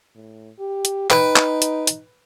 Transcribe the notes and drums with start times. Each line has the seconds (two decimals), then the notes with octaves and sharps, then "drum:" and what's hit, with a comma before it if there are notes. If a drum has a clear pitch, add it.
0.15 A2
0.59 G4
0.85 drum: hi-hat
1.10 D#4 B4 G5, drum: clap
1.36 drum: clap
1.62 drum: hi-hat
1.87 drum: hi-hat